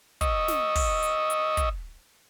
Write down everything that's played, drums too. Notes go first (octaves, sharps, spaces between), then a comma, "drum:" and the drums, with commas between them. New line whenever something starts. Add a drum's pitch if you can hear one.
D#5 C#6 D#6 E6, drum: kick, hi-hat
drum: snare
drum: kick, open hi-hat
drum: hi-hat
drum: hi-hat
drum: kick, hi-hat